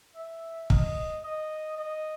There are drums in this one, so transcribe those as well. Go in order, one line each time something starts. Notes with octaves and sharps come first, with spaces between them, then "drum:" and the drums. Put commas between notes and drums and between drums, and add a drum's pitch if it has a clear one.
E5
D#5, drum: kick
D#5
D#5